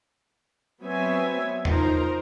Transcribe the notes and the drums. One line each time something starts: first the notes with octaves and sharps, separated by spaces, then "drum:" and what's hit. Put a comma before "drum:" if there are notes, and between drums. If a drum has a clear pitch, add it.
F#3 B3 C4 C#5 E5 G#5
F3 D#4 A#4 C5 A#5, drum: tom E2